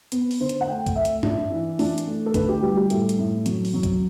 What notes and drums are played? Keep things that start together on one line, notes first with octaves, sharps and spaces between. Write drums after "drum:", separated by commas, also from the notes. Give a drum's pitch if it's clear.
B3, drum: hi-hat
drum: open hi-hat
D3 C5
drum: hi-hat
F#5
A3 G5
drum: kick, hi-hat
A3 E5
drum: hi-hat
D4, drum: tom G2
E3
D4, drum: open hi-hat
drum: hi-hat
A3
A4
D3 B4, drum: kick, hi-hat
G4
G3 G4
G4
A2 A4, drum: hi-hat
drum: hi-hat
A2
F#3, drum: hi-hat
drum: open hi-hat
F#3
drum: kick, hi-hat